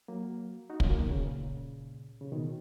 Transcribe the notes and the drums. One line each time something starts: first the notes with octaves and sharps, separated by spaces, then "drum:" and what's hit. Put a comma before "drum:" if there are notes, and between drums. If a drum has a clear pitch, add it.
F#3 A#3
D#4 F#4
C#4 F4, drum: kick
F#3 A#3
B2 D#3
A#2 C#3
C#3
B2 D#3